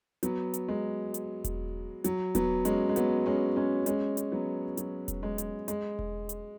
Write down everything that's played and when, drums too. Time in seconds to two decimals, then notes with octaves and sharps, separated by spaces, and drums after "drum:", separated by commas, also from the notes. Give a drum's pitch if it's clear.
0.23 F#3 B3, drum: hi-hat
0.54 drum: hi-hat
0.68 G#3
1.14 drum: hi-hat
1.44 drum: kick E1, hi-hat
2.04 F#3, drum: hi-hat
2.35 F#3 B3, drum: kick E1, hi-hat
2.65 G#3 C#4, drum: hi-hat
2.89 G#3
2.96 F#3 B3, drum: hi-hat
3.26 G#3 C#4
3.56 G#3 C#4
3.86 G#3 C#4, drum: hi-hat
4.17 drum: hi-hat
4.32 F#3 B3
4.77 F#3, drum: hi-hat
5.08 drum: kick E1, hi-hat
5.23 G#3
5.38 drum: hi-hat
5.68 G#3, drum: hi-hat
5.99 drum: kick E1
6.29 drum: hi-hat